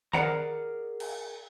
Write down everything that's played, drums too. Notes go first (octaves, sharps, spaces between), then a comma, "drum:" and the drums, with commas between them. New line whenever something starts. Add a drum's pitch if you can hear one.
G#4 A#4 C#5 D5 F#5 A#5, drum: tom D#3
drum: cymbal